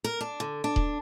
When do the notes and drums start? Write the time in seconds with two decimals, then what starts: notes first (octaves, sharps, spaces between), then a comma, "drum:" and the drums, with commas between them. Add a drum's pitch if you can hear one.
0.04 A#4
0.21 D4
0.40 D3
0.64 D4
0.76 drum: kick D#1